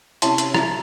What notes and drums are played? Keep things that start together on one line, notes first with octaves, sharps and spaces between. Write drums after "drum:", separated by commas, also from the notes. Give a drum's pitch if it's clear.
C3 C#4 E4 A5 C6, drum: hi-hat
drum: hi-hat
drum: rim click